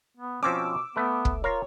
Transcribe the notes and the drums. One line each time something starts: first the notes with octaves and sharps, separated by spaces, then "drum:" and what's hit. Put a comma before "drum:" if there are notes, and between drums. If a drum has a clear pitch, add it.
B3
B2 F3 C4 C#4 D6 E6
A3 B3 B4
drum: kick
F4 A#4 C#5 F5 A#5